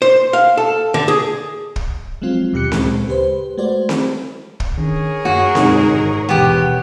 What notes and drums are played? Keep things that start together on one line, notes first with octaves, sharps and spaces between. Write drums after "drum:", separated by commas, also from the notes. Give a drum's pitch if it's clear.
C5
F5
A4
D3
G#4
drum: kick
F3 F#3 G#3 C4 F4
D#2 B2 G4 F#6 C#7
D2 A#2 C#3 G#3, drum: snare C4
G4 B4 C5
G#3 A3 F#4 C5 D5
drum: snare C4
drum: kick
D#3 C#4 D4 G#4 A#4 C#5
F#2 A#3 F#4
F#2 B2 D3 G#3 D#4, drum: snare C4
G#1
D#1 B2 E3 G#3 B3 G4